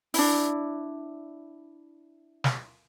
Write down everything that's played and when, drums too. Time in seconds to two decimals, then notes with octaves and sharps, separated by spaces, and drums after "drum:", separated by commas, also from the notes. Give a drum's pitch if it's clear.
0.14 D4 E4, drum: open hi-hat
2.44 drum: snare